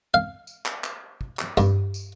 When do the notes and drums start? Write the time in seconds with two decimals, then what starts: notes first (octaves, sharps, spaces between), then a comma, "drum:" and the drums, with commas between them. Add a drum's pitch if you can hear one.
0.14 F5
0.47 drum: tambourine
0.66 drum: clap
0.84 drum: clap
1.21 drum: kick
1.39 drum: clap
1.57 G2, drum: kick, tambourine
1.94 drum: tambourine